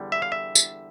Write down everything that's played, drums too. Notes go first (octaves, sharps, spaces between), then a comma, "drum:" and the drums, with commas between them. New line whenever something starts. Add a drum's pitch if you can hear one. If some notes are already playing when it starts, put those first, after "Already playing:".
Already playing: E2 D3 G3
E5
F5
E5
drum: tambourine